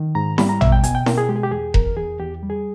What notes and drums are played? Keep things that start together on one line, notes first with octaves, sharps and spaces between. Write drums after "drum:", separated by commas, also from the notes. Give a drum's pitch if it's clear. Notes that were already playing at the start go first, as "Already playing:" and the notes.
Already playing: D#3
G#2 A#5
G3 B5, drum: snare E4
A#5
B2 E5, drum: tom
G5
B2 G#5, drum: hi-hat
G5
B2 A#4, drum: snare E4
G#4
G#3 G4
G#4
G4
E2 G#4
E2 A#4, drum: kick E1
E2 G#4
E2 G4
G3
G#4